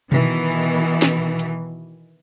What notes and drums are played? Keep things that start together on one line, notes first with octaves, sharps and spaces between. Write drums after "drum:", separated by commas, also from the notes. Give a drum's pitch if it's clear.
B2 D#3 E3, drum: tom B2
drum: snare
drum: hi-hat